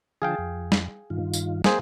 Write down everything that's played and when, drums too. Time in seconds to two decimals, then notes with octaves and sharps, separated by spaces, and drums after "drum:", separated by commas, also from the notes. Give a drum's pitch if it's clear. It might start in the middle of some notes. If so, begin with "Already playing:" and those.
0.22 D3 F3 G#4 F5 G5 A5
0.38 F2
0.72 drum: snare
1.10 G2 D#3 F4
1.34 drum: tambourine
1.64 A#3 G#4 C5, drum: snare